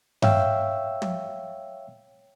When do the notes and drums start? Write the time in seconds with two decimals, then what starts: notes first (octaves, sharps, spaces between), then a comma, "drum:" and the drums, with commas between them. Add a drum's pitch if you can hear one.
0.22 C#5 E5 F5 G5 E6, drum: tom G2
1.02 drum: tom